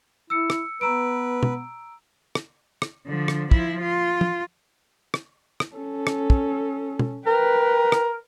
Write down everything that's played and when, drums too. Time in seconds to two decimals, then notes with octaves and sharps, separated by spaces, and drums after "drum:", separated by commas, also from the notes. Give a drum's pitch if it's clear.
0.30 E4 E6 C#7
0.50 drum: rim click
0.81 B3 B4 A#5 E6 D7
1.43 drum: tom
2.35 drum: rim click
2.82 drum: rim click
3.07 D3 F3
3.28 drum: rim click
3.51 F3 E4, drum: kick
3.82 F4
4.21 drum: tom
5.14 drum: rim click
5.60 drum: rim click
5.75 C#4 A4
6.07 drum: rim click
6.30 drum: kick
6.99 drum: tom
7.26 A#4 B4 G5
7.92 drum: rim click